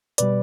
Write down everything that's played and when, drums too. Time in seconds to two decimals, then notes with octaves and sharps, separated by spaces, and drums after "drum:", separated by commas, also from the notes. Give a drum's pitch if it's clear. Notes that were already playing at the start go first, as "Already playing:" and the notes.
0.18 B2 G3 B4 D5, drum: hi-hat